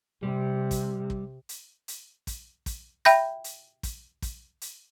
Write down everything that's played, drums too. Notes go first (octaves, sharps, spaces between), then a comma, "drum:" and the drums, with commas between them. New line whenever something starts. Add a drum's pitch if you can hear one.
C3 G3
drum: kick, hi-hat
drum: kick
drum: hi-hat
drum: hi-hat
drum: kick, hi-hat
drum: kick, hi-hat
E5 G5 B5 G6 A#6, drum: hi-hat
drum: hi-hat
drum: kick, hi-hat
drum: kick, hi-hat
drum: hi-hat